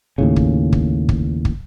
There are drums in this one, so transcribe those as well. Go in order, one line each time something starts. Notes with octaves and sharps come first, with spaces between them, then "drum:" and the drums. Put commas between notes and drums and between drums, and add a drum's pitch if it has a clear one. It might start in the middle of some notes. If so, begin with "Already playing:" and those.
D#2 A2 C#3
drum: kick
drum: kick
drum: kick
drum: kick